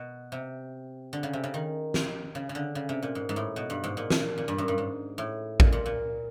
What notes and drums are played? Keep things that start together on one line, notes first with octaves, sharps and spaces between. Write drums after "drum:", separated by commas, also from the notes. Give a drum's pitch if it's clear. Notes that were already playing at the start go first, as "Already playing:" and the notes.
Already playing: B2
C3
D3
C#3
C3
C#3
D#3
drum: snare
C#3
C#3
D3
C#3
C3
A#2
G#2
G#2
A2
B2
G2
G#2
A#2
drum: snare
A#2
G2
F#2
G2
G#2
A2
A#2, drum: kick A1
A#2
A#2